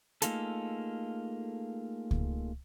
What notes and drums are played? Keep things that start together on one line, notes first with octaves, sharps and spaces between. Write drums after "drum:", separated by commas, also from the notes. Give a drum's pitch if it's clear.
A3 A#3 D#4 F4 G#4 A4, drum: hi-hat
drum: kick C#2